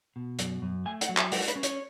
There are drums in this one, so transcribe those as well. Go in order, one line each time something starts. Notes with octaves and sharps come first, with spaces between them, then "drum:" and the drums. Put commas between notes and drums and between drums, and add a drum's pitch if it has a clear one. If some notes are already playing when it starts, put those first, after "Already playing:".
B2
F#2, drum: hi-hat
F#2
A3 G#5
F#5, drum: hi-hat
F#3
E5, drum: clap
G#3 F#5, drum: open hi-hat
B4, drum: hi-hat
C#4
C#5, drum: hi-hat